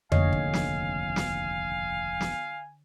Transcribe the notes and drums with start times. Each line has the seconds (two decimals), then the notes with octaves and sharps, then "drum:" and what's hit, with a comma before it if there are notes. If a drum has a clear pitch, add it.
0.12 F1 A#1 D#2 D3 C#5 D#5 F5 G#5, drum: tom F2
0.33 drum: kick
0.53 drum: snare
1.16 drum: snare
2.21 drum: snare